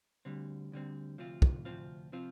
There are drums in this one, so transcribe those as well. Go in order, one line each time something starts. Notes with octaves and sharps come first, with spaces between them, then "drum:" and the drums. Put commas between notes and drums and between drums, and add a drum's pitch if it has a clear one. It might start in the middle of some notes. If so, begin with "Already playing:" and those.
D2 D3 G3 C4
D2 D3 G3 C4
D2 C3 F3 C4 F4
drum: kick
D2 C3 F3 C4 F4
C3 F3 C4 F4